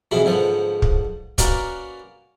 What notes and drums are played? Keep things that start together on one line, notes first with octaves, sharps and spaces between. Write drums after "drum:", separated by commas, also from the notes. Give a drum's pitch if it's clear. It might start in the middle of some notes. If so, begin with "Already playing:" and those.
F2 B2 E3 E4 G#4
G#2 D3 F3 B3
drum: kick
A#3 C#4 F#4 A#4 B4 D5, drum: kick, hi-hat